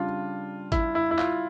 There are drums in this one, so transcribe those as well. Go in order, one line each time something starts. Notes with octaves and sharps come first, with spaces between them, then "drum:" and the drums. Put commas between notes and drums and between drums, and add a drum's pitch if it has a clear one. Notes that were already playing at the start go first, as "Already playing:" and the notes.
Already playing: C#3 G3 D4 F4
E4, drum: kick G#1, hi-hat
E4
E4
F4, drum: clap